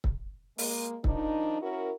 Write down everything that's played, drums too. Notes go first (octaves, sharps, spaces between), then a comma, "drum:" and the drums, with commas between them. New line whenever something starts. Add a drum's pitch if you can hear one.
drum: kick
G#3 A#3, drum: open hi-hat
D#3 F3 D4 D#4, drum: kick
C#4 E4 F#4 A#4